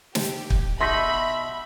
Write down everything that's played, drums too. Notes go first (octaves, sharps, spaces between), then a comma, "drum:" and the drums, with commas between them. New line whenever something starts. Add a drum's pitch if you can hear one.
G4, drum: snare
drum: kick
B2 D#4 E5 B5 C6 A#6 B6